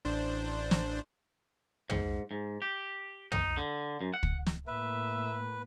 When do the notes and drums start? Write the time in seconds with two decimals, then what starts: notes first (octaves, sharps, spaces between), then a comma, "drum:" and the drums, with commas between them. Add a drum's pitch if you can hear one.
0.05 A1 D4 C5
0.71 drum: snare
1.90 G#2, drum: tom
2.31 G#2
2.62 G4
3.32 D#4, drum: tom
3.57 D3
4.01 F#2
4.14 F#5
4.23 drum: kick
4.46 drum: snare
4.67 A2 A#3 B4 E5